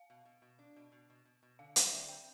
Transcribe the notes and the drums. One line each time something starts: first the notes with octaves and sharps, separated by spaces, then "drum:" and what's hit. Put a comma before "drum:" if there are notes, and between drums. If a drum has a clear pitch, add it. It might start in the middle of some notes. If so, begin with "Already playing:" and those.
Already playing: F5
B2
B2
B2
D4
B2
B2
B2
B2
B2
D3 F5
F3 D5, drum: hi-hat
D3 E5
C4 G5